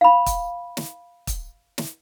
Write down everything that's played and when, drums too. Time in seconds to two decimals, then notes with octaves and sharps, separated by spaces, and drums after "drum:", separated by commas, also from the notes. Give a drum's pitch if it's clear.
0.01 F5 B5
0.26 drum: kick, hi-hat
0.77 drum: snare
1.27 drum: kick, hi-hat
1.78 drum: snare